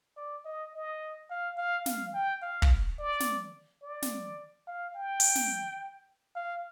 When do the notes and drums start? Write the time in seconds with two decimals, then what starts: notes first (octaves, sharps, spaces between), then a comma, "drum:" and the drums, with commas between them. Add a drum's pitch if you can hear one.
0.17 D5
0.45 D#5
0.74 D#5
1.30 F5
1.57 F5
1.86 F5, drum: snare
2.14 G5
2.42 F5
2.62 drum: kick
2.99 D5
3.20 drum: snare
3.83 D5
4.02 drum: snare
4.67 F5
4.96 G5
5.20 drum: open hi-hat
5.35 drum: snare
6.36 F5